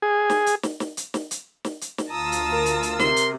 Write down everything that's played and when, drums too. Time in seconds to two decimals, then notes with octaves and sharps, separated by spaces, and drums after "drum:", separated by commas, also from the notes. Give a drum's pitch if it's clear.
0.02 G#4
0.30 drum: snare
0.46 drum: hi-hat
0.63 drum: snare
0.80 drum: snare
0.97 drum: hi-hat
1.14 drum: snare
1.31 drum: hi-hat
1.65 drum: snare
1.81 drum: hi-hat
1.98 drum: snare
2.10 D2 F4 A5 A#5 D#6 E6
2.32 drum: hi-hat
2.52 A#4
2.66 drum: hi-hat
2.83 drum: hi-hat
2.99 C3 C6, drum: snare
3.16 drum: hi-hat